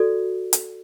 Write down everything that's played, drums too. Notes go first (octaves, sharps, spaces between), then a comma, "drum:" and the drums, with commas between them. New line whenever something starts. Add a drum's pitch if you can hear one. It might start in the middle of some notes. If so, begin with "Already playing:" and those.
Already playing: F#4 A4 D5
drum: hi-hat